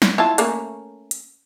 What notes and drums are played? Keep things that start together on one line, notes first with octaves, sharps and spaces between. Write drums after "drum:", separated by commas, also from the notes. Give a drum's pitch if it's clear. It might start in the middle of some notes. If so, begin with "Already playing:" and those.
drum: snare
E4 F4 A5
A3 A#3 C#4, drum: hi-hat
drum: hi-hat